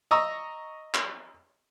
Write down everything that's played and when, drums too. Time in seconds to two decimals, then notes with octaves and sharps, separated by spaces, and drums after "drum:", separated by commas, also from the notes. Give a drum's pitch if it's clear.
0.11 D#5 A#5 C#6 D#6 E6
0.95 drum: clap